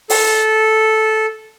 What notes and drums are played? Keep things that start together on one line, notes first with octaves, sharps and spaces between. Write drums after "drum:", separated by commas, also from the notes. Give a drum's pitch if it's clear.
A4, drum: open hi-hat